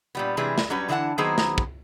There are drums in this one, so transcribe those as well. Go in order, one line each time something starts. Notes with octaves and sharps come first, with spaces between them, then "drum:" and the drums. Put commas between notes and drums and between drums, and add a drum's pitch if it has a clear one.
A#2 G3 B3
C3 E3 G3 G#3 G#4 B4
drum: snare
F#3 G3 C#4 F#4 B4
D3 E3 E4 F#4 F#5 A5
D#3 F#3 A#3 B3 G#4 C5
drum: snare
drum: kick